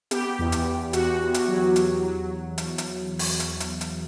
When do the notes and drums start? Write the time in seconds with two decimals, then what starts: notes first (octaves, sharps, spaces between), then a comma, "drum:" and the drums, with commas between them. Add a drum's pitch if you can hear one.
0.11 B3 G4, drum: hi-hat
0.39 E2
0.52 drum: hi-hat
0.66 E2
0.93 E2 F#4, drum: hi-hat
1.21 E2
1.34 drum: hi-hat
1.48 F#3
1.76 F#3, drum: hi-hat
2.03 F#3
2.30 F#3
2.58 drum: hi-hat
2.78 drum: hi-hat
3.19 drum: open hi-hat
3.40 drum: hi-hat
3.60 drum: hi-hat
3.81 drum: hi-hat